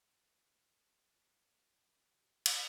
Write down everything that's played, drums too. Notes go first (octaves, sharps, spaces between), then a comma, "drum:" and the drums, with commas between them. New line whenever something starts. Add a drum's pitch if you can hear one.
A#4
A4
G#4
G4
F#4
G4
drum: cymbal